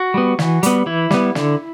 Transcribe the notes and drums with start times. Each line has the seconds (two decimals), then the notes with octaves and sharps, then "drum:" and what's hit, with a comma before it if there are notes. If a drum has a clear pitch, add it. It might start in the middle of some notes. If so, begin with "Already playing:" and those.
Already playing: F#4
0.14 G3 B3
0.39 E3, drum: snare
0.63 G3 B3, drum: hi-hat
0.86 E3 E4
1.11 G3 B3, drum: snare
1.35 D3, drum: snare